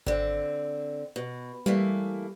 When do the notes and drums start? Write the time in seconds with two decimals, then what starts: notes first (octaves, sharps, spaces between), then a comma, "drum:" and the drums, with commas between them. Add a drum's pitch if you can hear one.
0.06 D3 C4, drum: kick G#1
1.16 B2
1.66 E3 G3 A3 A#3